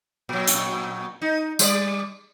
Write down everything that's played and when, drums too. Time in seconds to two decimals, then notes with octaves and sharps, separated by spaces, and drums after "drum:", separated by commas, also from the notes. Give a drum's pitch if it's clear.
0.29 A#2 F#3
0.47 drum: hi-hat
1.22 D#4
1.59 G3 C5 D5, drum: tambourine